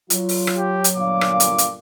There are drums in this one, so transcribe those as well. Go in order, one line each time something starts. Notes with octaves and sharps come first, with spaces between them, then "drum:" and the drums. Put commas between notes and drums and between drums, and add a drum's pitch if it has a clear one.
F#3 F4, drum: hi-hat
drum: open hi-hat
drum: rim click
G4
drum: hi-hat
G1 A#2 F5 D6
drum: rim click
drum: hi-hat
drum: hi-hat